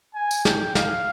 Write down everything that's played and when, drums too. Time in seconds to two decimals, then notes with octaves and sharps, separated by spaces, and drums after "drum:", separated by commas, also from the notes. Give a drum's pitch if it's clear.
0.15 G#5
0.31 drum: tambourine
0.45 G5, drum: snare
0.75 F5, drum: snare